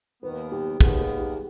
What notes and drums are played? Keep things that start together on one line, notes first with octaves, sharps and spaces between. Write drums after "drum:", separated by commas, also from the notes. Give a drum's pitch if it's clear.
D#2 D#3 B3 B4
G4
D#2 D#3 B3 G#4, drum: kick
G#4
G4